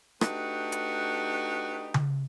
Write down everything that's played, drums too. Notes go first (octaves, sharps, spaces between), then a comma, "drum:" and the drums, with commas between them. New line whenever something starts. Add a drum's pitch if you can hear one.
A3 D4 D#4 F#4 G4 B4, drum: rim click
drum: hi-hat
drum: tom C#3